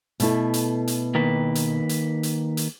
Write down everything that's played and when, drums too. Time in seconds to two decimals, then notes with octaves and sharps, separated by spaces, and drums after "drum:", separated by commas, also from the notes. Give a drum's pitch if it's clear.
0.20 B2 A3 E4, drum: hi-hat
0.54 drum: hi-hat
0.88 drum: hi-hat
1.15 D#3 A#3 B4
1.55 drum: hi-hat
1.89 drum: hi-hat
2.23 drum: hi-hat
2.57 drum: hi-hat